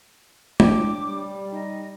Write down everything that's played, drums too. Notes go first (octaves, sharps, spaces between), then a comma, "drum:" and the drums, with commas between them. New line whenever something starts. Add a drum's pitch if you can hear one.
D4 C#5 G5 D6, drum: tom
G3
D#4 D#5